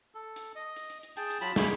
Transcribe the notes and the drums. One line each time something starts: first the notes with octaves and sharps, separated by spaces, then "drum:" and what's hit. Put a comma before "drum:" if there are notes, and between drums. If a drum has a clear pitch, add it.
A4
drum: hi-hat
D#5
drum: hi-hat
drum: hi-hat
drum: hi-hat
G#4 G5 A5, drum: hi-hat
drum: hi-hat
F#3 F4 A5 B5, drum: hi-hat
A#3 C#4 E4 B5, drum: snare